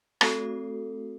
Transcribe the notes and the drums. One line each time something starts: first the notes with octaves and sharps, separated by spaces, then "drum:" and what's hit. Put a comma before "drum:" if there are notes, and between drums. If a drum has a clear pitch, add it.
A3 C4 F#4 A4 D#6 C7, drum: rim click